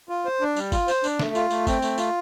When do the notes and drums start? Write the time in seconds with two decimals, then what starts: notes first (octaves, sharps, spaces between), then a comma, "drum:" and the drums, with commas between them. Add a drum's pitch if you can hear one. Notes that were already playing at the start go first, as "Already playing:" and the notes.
0.09 F4
0.25 C5
0.41 D4
0.56 G3, drum: tambourine
0.72 F4, drum: kick G1, tambourine
0.88 C5, drum: tambourine
1.04 D4, drum: tambourine
1.19 A3, drum: snare
1.35 F4, drum: tambourine
1.50 A3, drum: tambourine
1.67 C4, drum: kick G1, tambourine
1.82 A3, drum: tambourine
1.98 F4, drum: tambourine